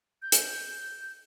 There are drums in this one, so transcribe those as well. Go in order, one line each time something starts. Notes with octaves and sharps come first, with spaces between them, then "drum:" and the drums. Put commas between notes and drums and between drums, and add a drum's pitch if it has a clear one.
G6
drum: hi-hat